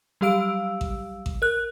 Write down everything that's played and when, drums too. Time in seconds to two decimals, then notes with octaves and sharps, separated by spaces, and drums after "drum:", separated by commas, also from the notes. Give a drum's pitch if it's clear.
0.21 F#3 G3 G4 F5 E6 D7
0.81 drum: kick A1
1.26 drum: kick A1
1.42 A#4 F#6